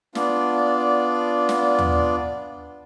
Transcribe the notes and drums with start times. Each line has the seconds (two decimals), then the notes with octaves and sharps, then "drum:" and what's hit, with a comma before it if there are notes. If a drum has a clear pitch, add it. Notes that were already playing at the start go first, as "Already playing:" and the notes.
0.15 B3 D4 F4 D5, drum: snare
1.49 drum: snare
1.79 drum: tom